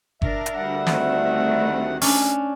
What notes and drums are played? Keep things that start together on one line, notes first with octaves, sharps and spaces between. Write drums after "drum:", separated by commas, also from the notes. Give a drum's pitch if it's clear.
D4 A#4 E5, drum: kick G1
drum: hi-hat
D2 G3 F#5
D#3 A3 C4, drum: snare
C#4 D4, drum: open hi-hat